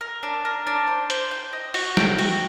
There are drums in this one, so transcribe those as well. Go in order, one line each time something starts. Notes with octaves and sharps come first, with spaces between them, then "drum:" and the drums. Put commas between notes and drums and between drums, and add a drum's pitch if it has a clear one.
A#4
D4
A#4
D4
C5
C5, drum: hi-hat
G5
D#5
F#4, drum: open hi-hat
G5, drum: snare
F#4, drum: open hi-hat